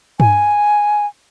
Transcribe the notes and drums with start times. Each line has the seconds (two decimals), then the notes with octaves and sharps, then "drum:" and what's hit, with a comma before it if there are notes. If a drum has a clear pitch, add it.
0.20 G#5, drum: tom G2